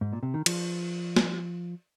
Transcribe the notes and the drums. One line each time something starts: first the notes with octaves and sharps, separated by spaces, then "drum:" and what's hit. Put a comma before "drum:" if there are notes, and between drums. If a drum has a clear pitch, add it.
G#2
A#2
C3
D#3
F3, drum: cymbal
drum: snare